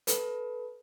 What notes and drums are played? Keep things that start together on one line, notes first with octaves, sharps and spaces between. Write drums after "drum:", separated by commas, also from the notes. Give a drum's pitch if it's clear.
A4 B4, drum: hi-hat